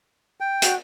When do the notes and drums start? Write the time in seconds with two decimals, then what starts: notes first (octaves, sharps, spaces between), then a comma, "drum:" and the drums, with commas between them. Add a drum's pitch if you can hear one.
0.40 G5
0.62 F#4, drum: hi-hat